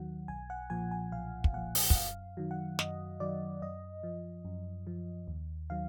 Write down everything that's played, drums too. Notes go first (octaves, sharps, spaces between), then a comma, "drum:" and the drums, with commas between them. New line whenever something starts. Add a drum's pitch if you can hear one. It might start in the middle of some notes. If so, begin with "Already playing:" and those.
Already playing: D#2 D#3 F#3 F#5
B1 G#5
F#5
A#2 F3 G#5
G#5
B1 F5
drum: kick
A#2 F3 F#5
drum: open hi-hat
F#5, drum: kick
F#2 F5
D#3 F#3
F#5
F#2 D#5, drum: snare
D#3 F#3 D5
F#2 D#5
F3
F#2
F3
D#2
D#3 F#3 F5